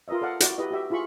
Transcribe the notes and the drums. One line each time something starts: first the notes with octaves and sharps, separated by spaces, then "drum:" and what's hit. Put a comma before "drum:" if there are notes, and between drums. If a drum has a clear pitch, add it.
F4 A#4 B4 D#5 E5
A4 D5 F5 F#5
E4 F#4 D5, drum: hi-hat
E4 G4 B4 D#5
F#4 G4 E5
E4 F4 G#4 B5 C#6